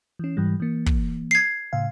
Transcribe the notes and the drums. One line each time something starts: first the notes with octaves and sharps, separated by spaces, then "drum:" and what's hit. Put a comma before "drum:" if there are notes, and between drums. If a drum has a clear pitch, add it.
E3 C#4
G#2 E3 G3
E3 A#3
drum: kick
G#6 C7
A2 C#3 F5